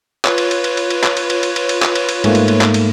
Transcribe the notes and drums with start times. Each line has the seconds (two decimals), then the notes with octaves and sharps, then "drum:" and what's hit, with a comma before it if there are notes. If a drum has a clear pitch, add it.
0.25 F4 B4 C#5, drum: clap
0.38 drum: cymbal
0.51 drum: cymbal
0.64 drum: cymbal
0.77 drum: cymbal
0.90 drum: cymbal
1.04 drum: clap
1.17 drum: cymbal
1.30 drum: cymbal
1.43 drum: cymbal
1.56 drum: cymbal
1.69 drum: cymbal
1.82 drum: clap
1.95 drum: cymbal
2.09 drum: cymbal
2.24 G#2 A3 A#3, drum: cymbal
2.35 drum: cymbal
2.48 drum: cymbal
2.61 drum: clap
2.74 drum: cymbal